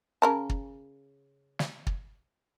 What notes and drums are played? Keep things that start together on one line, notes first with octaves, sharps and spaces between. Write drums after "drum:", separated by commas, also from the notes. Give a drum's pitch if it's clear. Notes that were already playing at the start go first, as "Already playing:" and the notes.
C#3 A#4 A5
drum: kick
drum: snare
drum: kick